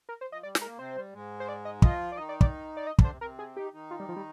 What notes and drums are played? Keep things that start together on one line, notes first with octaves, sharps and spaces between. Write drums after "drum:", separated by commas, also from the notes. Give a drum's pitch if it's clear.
A#4
C5
F3 D#5
G3 D5
G#3, drum: snare
A#4
A#3
C3 C4 C5
G3
G#2 G#3
C5
D5
D#5
F3 F4 D#5, drum: kick
D5
D#3 D#4 D#5
D5
D5, drum: kick
D5
D#5
D3 D4, drum: kick
C5
C3 C4
C3 C4 A#4
G#4
D#3 D#4 G4
D#3 D#4
F4
G3
F3
G3